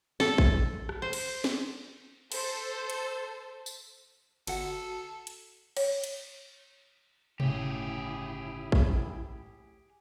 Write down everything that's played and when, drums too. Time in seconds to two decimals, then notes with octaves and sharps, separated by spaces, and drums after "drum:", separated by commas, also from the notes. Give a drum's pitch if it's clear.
0.20 A4, drum: snare
0.38 drum: kick A1
0.89 drum: rim click
1.02 C5
1.13 drum: cymbal
1.44 drum: snare
2.32 A4 C5, drum: cymbal
2.90 drum: hi-hat
3.66 drum: tambourine
4.47 G1 F#4 A4 F#5, drum: cymbal
5.27 drum: hi-hat
5.77 C#5, drum: cymbal
6.04 drum: hi-hat
7.40 G1 A2 C#3 E4 G4 G#4, drum: tom B2
8.72 drum: kick A1